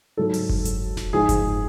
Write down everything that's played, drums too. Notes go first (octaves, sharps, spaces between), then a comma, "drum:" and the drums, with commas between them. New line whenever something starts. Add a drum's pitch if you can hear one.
G#2 F#3 A4
drum: open hi-hat
drum: kick F#1
drum: hi-hat
drum: snare D#1
G#2 F3 G#4
drum: kick F#1, hi-hat